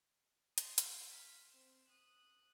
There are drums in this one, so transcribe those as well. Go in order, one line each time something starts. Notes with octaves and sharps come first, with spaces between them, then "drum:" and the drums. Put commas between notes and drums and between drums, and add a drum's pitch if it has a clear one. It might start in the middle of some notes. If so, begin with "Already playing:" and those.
C6 D#6, drum: hi-hat
drum: hi-hat
F6 B6
C4 E7
D#6 F#6